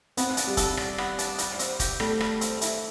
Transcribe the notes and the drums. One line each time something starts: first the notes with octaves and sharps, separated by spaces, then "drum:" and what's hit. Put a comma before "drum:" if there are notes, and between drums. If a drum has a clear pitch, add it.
B3 C4, drum: hi-hat
D4, drum: hi-hat
G3
A4, drum: kick, hi-hat
D5, drum: rim click
B3, drum: rim click
D4, drum: hi-hat
G3, drum: hi-hat
C4, drum: hi-hat
G4, drum: kick, hi-hat
G3 A3, drum: rim click
G3, drum: rim click
C4, drum: hi-hat
E3, drum: hi-hat